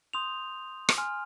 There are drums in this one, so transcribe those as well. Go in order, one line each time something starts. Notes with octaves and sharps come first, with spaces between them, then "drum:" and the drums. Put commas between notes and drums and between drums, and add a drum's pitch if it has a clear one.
C6 D#6 G6 F7
drum: rim click
G#5 C6 F6